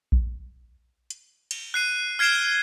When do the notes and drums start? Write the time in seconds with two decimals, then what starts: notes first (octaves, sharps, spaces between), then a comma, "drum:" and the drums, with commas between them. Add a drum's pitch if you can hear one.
0.12 drum: kick A#1
1.10 drum: hi-hat
1.51 drum: cymbal
1.74 F#6 C7 D#7
2.19 F6 G#6 C7 D7 E7 G7